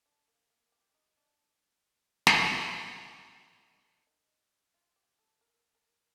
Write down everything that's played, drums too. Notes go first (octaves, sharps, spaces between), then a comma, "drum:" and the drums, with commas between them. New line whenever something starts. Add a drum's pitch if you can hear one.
D4
A#3
A#3
G4
D#4
D4
drum: snare
D#4
D4
D4
D4
D#4
D#4
D4
D#4
F4
G4
A4
A#4
A#4